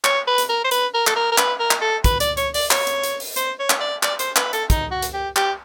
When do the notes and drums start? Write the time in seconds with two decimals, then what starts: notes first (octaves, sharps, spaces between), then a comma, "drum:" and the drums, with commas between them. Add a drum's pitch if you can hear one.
0.04 C#5, drum: clap
0.27 B4
0.38 drum: hi-hat
0.49 A#4
0.64 C5
0.71 B4, drum: hi-hat
0.94 A#4
1.07 A4, drum: clap
1.16 A#4
1.32 A#4
1.38 B4, drum: clap
1.59 A#4
1.71 drum: clap
1.81 A4
2.04 B4, drum: kick, hi-hat
2.20 D5, drum: hi-hat
2.37 C#5, drum: hi-hat
2.54 D5, drum: open hi-hat
2.71 C#5, drum: clap
2.87 drum: hi-hat
3.03 drum: hi-hat
3.20 drum: open hi-hat
3.36 C5, drum: hi-hat
3.59 C#5
3.70 drum: clap
3.80 D5
4.03 D5, drum: clap
4.19 C5, drum: hi-hat
4.36 B4, drum: clap
4.53 A4, drum: hi-hat
4.70 D#4, drum: kick, hi-hat
4.91 F#4
5.02 drum: hi-hat
5.14 G4
5.36 G4, drum: clap